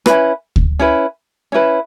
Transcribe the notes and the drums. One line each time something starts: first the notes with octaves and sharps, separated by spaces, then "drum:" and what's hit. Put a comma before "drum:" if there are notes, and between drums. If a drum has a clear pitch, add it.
C#4 E4 B4, drum: rim click
drum: kick D2
C#4 E4 B4
C#4 E4 B4